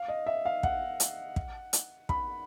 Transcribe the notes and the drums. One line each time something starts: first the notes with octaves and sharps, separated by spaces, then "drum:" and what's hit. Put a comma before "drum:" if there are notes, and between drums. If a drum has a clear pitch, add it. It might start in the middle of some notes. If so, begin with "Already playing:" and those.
Already playing: F5
D#5
E5
F5
F#5, drum: kick
drum: hi-hat
drum: kick
drum: hi-hat
B5, drum: kick